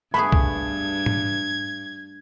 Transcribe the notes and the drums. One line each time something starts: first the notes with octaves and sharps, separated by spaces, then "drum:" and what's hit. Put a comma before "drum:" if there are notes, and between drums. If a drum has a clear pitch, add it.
G2 A3 B3 G#4 B5 G#6
drum: kick
drum: tom G#2